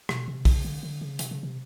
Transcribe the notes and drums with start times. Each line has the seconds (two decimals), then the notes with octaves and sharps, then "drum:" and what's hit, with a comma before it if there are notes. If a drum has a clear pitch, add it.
0.09 B2, drum: rim click
0.28 C3
0.45 C#3, drum: kick, open hi-hat
0.65 D3
0.83 D3
1.01 C#3
1.19 C3, drum: hi-hat
1.31 C#3
1.43 C3